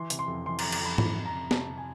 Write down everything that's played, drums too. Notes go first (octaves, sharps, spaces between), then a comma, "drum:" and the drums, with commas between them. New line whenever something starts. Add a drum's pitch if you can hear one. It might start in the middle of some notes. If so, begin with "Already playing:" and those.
Already playing: E3 C6
C3, drum: hi-hat
C6
F2
E3 C6
F2 A#5, drum: cymbal
A#5, drum: cymbal
F2
B5
F2 B5, drum: tom
F2
A#5
C3
C3 A5, drum: snare
C3
G#5